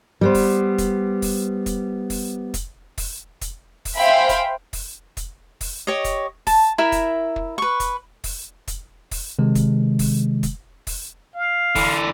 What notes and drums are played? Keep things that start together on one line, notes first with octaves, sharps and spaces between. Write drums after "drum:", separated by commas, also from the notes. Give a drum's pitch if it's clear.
G3 B3 C5
drum: kick, open hi-hat
drum: kick, hi-hat
drum: kick, open hi-hat
drum: kick, hi-hat
drum: kick, open hi-hat
drum: kick, hi-hat
drum: kick, open hi-hat
drum: kick, hi-hat
drum: kick, open hi-hat
C5 E5 F5 G5 G#5 B5
drum: kick, hi-hat
drum: kick, open hi-hat
drum: kick, hi-hat
drum: kick, open hi-hat
G4 C#5 D#5
drum: kick, hi-hat
A5, drum: kick, open hi-hat
E4 A#4 E5
drum: kick, hi-hat
drum: kick
B4 C#6
drum: kick, hi-hat
drum: kick, open hi-hat
drum: kick, hi-hat
drum: kick, open hi-hat
C3 D#3 G#3
drum: kick, hi-hat
drum: kick, open hi-hat
drum: kick, hi-hat
drum: kick, open hi-hat
F5
D3 E3, drum: kick, open hi-hat